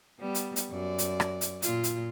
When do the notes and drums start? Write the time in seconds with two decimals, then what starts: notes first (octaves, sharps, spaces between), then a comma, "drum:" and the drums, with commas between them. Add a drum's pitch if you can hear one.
0.19 G3 B3
0.35 drum: hi-hat
0.56 drum: hi-hat
0.71 F#2 D5
0.98 drum: hi-hat
1.20 drum: rim click
1.41 drum: hi-hat
1.62 A#2 F4, drum: hi-hat
1.84 drum: hi-hat